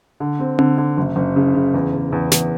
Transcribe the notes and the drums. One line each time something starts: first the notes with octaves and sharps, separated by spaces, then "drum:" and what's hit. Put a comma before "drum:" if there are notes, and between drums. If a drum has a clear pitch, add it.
D3
C4
D3, drum: tom C4
D3
F#1
F#1
C#3
C#3
E2
E2
E2
E2, drum: snare